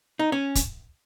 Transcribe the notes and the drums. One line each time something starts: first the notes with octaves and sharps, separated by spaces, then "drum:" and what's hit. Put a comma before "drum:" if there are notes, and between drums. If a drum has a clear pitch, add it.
D#4
C#4
drum: kick, hi-hat